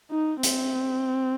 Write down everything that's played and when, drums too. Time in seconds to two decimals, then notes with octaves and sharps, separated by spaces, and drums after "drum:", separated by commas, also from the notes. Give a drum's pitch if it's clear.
0.11 D#4
0.43 C4, drum: hi-hat